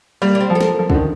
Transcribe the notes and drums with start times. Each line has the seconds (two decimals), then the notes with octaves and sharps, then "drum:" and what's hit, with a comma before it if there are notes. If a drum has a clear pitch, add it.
0.22 G3 A#3
0.35 D4
0.41 C4
0.50 F3
0.55 A4
0.60 A#4, drum: snare
0.79 F3
0.90 D3, drum: kick
0.94 D#3